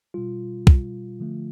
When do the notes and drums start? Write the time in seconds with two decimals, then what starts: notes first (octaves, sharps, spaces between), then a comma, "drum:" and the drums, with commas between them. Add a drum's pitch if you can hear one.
0.14 B2 G3 F4
0.67 B2 G3, drum: kick
1.20 D3 F3 A3